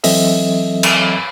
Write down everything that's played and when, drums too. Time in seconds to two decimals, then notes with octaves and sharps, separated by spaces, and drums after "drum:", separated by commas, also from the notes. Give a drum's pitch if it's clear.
0.04 E3 F#3 C4 A4 D#5 E5, drum: open hi-hat
0.83 drum: cymbal